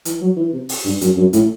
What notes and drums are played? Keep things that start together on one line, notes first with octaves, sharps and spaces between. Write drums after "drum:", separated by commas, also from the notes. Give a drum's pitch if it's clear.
E3, drum: hi-hat
F#3
E3
C3
drum: open hi-hat
G2
F#2, drum: hi-hat
F#2
A2, drum: hi-hat